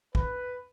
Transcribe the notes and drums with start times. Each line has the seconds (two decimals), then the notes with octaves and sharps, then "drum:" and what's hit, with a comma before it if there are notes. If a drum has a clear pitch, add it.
0.15 B4, drum: kick